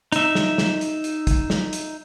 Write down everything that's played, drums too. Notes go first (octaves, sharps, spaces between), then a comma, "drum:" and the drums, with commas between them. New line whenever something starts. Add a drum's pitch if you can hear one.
D#4 E5, drum: hi-hat
drum: snare
drum: snare
drum: hi-hat
drum: hi-hat
drum: kick, hi-hat
drum: snare
drum: hi-hat